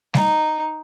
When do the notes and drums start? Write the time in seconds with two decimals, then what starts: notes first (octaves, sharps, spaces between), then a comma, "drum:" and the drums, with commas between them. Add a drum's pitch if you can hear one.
0.14 D#4, drum: snare G3